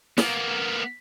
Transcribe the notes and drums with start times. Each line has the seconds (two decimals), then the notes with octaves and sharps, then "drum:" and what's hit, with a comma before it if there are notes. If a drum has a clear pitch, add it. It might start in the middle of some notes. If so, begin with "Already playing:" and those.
0.18 A#3 B3, drum: snare